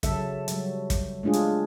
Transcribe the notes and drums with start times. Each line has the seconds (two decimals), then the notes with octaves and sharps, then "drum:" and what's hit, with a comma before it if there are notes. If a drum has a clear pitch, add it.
0.03 C#3 F#3 A4 E5, drum: kick, hi-hat
0.48 F#3 G3, drum: hi-hat
0.90 drum: kick, hi-hat
1.23 G#3 A3 D4 F4 G#4
1.33 drum: hi-hat